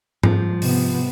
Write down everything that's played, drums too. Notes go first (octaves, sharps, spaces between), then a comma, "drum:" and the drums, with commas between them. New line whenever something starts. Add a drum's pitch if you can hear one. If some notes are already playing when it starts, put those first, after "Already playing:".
F3, drum: tom G#2
C3 B3, drum: open hi-hat